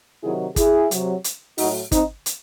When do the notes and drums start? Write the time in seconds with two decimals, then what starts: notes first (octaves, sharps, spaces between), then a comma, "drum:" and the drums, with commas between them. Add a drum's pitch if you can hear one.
0.23 C3 D#3 F#3 E4 G#4
0.56 E4 G#4, drum: kick, hi-hat
0.91 C3 F#3, drum: hi-hat
1.24 drum: hi-hat
1.58 A2 F#3 D#4 F#4, drum: open hi-hat
1.92 C4 D#4, drum: kick, hi-hat
2.26 drum: hi-hat